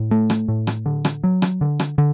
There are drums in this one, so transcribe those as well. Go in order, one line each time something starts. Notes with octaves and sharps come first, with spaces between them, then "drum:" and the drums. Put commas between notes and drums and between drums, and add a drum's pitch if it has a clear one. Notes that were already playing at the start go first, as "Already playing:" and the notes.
Already playing: A2
A3
drum: rim click
A2
drum: rim click
D3
drum: rim click
F#3
drum: rim click
D3
drum: rim click
D3